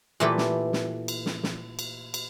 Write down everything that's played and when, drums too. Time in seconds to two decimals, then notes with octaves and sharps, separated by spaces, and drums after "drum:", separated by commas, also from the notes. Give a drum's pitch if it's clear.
0.20 A#2 E3 A3 G4 A4 B4
0.38 drum: snare
0.73 drum: snare
1.08 drum: cymbal
1.26 drum: snare
1.43 drum: snare
1.79 drum: cymbal
2.14 drum: cymbal